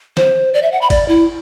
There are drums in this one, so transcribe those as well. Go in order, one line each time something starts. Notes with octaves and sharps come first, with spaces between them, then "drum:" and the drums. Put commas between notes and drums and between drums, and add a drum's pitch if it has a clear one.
C5, drum: snare
D5
E5
F#5
B5
D5, drum: kick, cymbal
E4